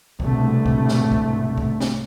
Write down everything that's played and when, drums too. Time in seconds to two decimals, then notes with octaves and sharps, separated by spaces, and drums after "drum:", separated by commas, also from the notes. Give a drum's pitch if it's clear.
0.20 C2 G#2 B2 D3 A3, drum: kick C2
0.66 drum: kick C2
0.89 drum: snare
1.12 drum: kick C2
1.58 drum: kick C2
1.81 drum: snare